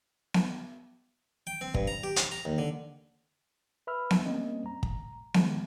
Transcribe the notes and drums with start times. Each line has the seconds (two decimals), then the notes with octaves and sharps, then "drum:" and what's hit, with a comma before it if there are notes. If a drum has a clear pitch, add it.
0.34 drum: snare B3
1.47 G5
1.61 C4
1.74 G2, drum: kick
1.88 A#5
2.03 G4
2.16 F5, drum: hi-hat
2.32 A#5
2.45 D#2
2.58 D3
3.87 B4 E5 B5 E6 F6
4.10 drum: snare B3
4.25 G3 A#3 C4 C#4 D#5
4.66 A#5
4.83 drum: kick
5.34 D#3 F3 G3 G#3, drum: snare B3